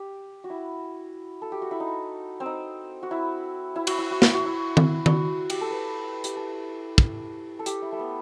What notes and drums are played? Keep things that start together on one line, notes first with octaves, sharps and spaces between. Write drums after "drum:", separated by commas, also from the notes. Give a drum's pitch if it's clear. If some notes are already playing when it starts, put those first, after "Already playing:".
Already playing: G4
F#4
E4
A4
G4
F#4
E4
D#4
C4
D#4
F#4
E4
E4
F#4, drum: cymbal
E4
F#4
E4, drum: snare
F#4
E4
drum: tom D#3
F#4, drum: tom D#3
G4, drum: cymbal
A4
B4
G4, drum: hi-hat
A4
drum: kick
A4
G4, drum: hi-hat
E4
A3
B3